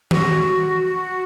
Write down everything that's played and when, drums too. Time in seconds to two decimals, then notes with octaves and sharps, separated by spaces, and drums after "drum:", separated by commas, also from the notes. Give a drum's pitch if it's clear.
0.11 F#4, drum: tom D#3